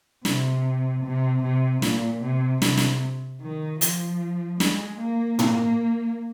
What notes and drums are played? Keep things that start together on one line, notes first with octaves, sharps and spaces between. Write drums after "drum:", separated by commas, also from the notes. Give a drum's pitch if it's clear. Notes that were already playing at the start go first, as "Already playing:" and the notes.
C3, drum: snare
C3
C3
A#2, drum: snare
C3
C3, drum: snare
drum: snare
D#3
F3, drum: hi-hat
G#3, drum: snare
A#3
A#3, drum: tom